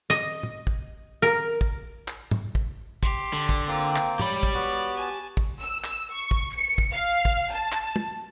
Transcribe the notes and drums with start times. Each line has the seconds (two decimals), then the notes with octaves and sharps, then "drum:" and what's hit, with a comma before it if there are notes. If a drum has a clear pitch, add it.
0.10 D#5
0.43 drum: tom
0.67 drum: kick
1.22 A#4
1.61 drum: kick
2.08 drum: clap
2.31 drum: tom G#2
2.55 drum: kick
3.03 G4 C6, drum: kick
3.33 D3
3.49 drum: kick
3.68 A#3 C4 F4 G5
3.96 drum: clap
4.19 G4 C#5 D5 B5, drum: tom
4.43 drum: kick
4.54 B3 F#4
4.96 G#5 A5
5.37 drum: kick
5.61 E6
5.84 drum: clap
6.13 C#6
6.31 drum: kick
6.55 C#7
6.78 drum: kick
6.92 F5
7.25 drum: kick
7.51 A5
7.72 drum: clap
7.96 drum: tom